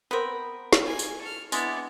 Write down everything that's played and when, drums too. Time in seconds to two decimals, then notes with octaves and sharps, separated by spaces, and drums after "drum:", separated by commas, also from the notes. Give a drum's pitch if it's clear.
0.11 B3 C4 A#4 B5
0.73 drum: snare
0.85 G#5
0.99 drum: tambourine
1.21 A4 F6
1.52 G#3 B3 D4 E4 D5, drum: tambourine